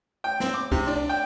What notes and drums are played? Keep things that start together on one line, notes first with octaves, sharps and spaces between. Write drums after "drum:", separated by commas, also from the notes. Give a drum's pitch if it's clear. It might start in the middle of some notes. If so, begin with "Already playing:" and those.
G5
C4, drum: snare
D6
C3, drum: kick C2, cymbal
D4, drum: cymbal
G5